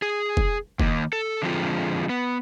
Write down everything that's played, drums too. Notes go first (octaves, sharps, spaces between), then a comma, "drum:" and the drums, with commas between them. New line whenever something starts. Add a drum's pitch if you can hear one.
G#4
drum: kick
D#3 A#3, drum: kick
A4
D3 F3 G#3 C4 F4
B3